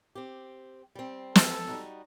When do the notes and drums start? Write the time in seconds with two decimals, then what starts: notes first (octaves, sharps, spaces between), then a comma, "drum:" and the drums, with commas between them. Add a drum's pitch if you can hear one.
0.15 C4 G4
0.95 G3 C4
1.36 A4, drum: snare
1.68 G3 D#4 F#4